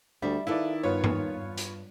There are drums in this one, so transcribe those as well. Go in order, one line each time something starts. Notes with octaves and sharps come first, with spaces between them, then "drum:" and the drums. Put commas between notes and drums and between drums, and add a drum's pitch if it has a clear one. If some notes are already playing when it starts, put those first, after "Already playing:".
D2 G3 D5 E5
D#3 E4 A4 B4 D5 F5
G2 B3 F4 C#5
drum: tom G2
drum: hi-hat